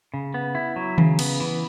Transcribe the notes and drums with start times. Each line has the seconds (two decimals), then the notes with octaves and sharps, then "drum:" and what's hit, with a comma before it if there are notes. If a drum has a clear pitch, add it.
0.14 C#3
0.34 B3
0.55 E4
0.76 F#3
0.98 C#3, drum: tom D#3
1.19 B3, drum: cymbal
1.40 E3